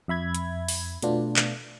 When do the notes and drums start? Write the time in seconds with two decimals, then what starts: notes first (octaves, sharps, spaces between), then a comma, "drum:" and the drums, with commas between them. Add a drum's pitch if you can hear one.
0.08 F2 E5 B5 G#6
0.35 drum: hi-hat
0.68 drum: open hi-hat
1.02 B2 A3 B3 D4 F4, drum: hi-hat
1.36 drum: clap